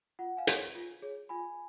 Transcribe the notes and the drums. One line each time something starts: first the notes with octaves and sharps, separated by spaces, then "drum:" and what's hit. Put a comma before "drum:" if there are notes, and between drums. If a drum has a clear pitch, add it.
F4 F#5
F5 G#5
G#4 C#5, drum: hi-hat
F4
G#4 C#5
F4 G#5 B5